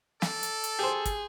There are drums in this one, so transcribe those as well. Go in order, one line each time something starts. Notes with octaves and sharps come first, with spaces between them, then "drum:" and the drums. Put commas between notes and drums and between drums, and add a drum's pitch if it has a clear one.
A4 D5, drum: snare
drum: hi-hat
drum: hi-hat
G4 G#4 C5
drum: kick, hi-hat